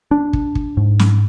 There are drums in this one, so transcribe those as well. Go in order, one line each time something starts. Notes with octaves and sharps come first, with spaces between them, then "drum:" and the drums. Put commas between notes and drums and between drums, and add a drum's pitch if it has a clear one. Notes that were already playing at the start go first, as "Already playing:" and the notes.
D4
drum: kick
drum: kick
G#2
drum: snare